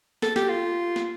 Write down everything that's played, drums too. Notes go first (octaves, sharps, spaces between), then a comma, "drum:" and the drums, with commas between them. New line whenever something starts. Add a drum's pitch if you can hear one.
A4, drum: snare
G4, drum: snare
F4
drum: snare